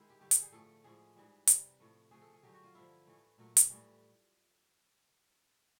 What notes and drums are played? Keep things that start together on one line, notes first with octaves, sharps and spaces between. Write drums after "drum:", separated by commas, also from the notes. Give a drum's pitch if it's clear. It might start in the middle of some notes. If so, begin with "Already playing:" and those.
Already playing: D#3 G#3 E4
G4
G2 D3 G3 G4
A4, drum: hi-hat
G#4
A2 F3 A3 A4
A2 F3 G#3 G#4
G#2 E3 G3
C3 E3 G3, drum: hi-hat
A2 F3 A3
C#3 F3 A3 G#4
A4
G#4
G2 D3 F#3 G4
F#4
F4
G2 D3 F3 E4
A2 E3 A3
A#2 F#3 A3
drum: hi-hat
A2 E3 G3